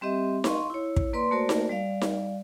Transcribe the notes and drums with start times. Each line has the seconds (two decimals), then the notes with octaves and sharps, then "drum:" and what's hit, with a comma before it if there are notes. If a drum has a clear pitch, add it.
0.01 G3 C4 G4 D#5 E5
0.44 D#5 F5 C6 C#6, drum: snare D#4
0.70 E4 C#5
0.96 drum: kick
1.13 A#3 B4 D5 C6
1.31 A3 A#3 F#4 A#4 C5 D5
1.49 drum: snare D#4
1.69 G3 D5 F5
2.01 drum: snare D#4